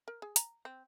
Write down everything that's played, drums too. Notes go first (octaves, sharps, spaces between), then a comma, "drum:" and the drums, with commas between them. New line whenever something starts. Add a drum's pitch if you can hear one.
A#4
G#4
A#5, drum: hi-hat
C4